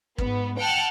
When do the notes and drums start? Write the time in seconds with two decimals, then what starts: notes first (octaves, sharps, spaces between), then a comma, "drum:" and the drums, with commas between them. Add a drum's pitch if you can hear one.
0.18 G#2 B3, drum: kick
0.58 F#5 G5 A5 F6